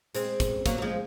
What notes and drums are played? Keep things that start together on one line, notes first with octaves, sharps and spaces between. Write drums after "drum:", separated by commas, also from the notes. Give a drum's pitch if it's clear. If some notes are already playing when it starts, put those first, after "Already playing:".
G#3 C4, drum: hi-hat
drum: kick, hi-hat
F#3 A#3, drum: kick, hi-hat
F#3
F3 G#3